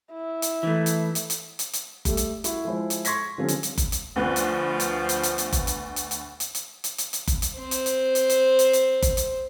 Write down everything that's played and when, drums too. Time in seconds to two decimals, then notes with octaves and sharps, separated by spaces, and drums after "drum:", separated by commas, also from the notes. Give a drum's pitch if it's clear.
0.13 E4
0.42 drum: hi-hat
0.63 E3 A3
0.86 drum: hi-hat
1.15 drum: hi-hat
1.30 drum: hi-hat
1.59 drum: hi-hat
1.73 drum: hi-hat
2.05 G3 A3, drum: kick F#1, hi-hat
2.17 drum: hi-hat
2.44 E4 F#4, drum: hi-hat
2.65 F3 G#3 E4 C5
2.90 drum: hi-hat
3.05 C6 C#6 G#6 A#6 B6, drum: hi-hat
3.38 D3 F3 G3 C4 C#4
3.48 drum: hi-hat
3.63 drum: hi-hat
3.78 drum: kick F#1, hi-hat
3.92 drum: hi-hat
4.16 D2 F3 B3 F#6
4.36 drum: hi-hat
4.80 drum: hi-hat
5.09 drum: hi-hat
5.23 drum: hi-hat
5.38 drum: hi-hat
5.53 drum: kick F#1, hi-hat
5.67 drum: hi-hat
5.96 drum: hi-hat
6.11 drum: hi-hat
6.40 drum: hi-hat
6.55 drum: hi-hat
6.84 drum: hi-hat
6.98 drum: hi-hat
7.13 drum: hi-hat
7.27 drum: kick F#1, hi-hat
7.42 drum: hi-hat
7.58 C4 C5
7.71 drum: hi-hat
7.86 drum: hi-hat
8.15 drum: hi-hat
8.30 drum: hi-hat
8.59 drum: hi-hat
8.73 drum: hi-hat
9.02 drum: kick F#1, hi-hat
9.17 drum: hi-hat